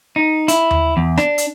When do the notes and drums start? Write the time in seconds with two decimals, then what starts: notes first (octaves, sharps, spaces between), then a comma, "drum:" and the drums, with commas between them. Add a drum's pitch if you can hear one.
0.16 D#4
0.48 E4, drum: hi-hat
0.71 drum: tom D#2
0.97 E2
1.17 D4, drum: rim click
1.38 drum: hi-hat